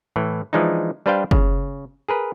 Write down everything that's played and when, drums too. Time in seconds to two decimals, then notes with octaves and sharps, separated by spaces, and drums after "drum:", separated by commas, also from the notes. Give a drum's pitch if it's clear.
0.16 A2 E3
0.53 E3 F3 G#3 D4 D#4
1.06 G3 D4 B4 C5 F5 G5
1.31 C#3, drum: kick F#1
2.09 G#4 A#4 B4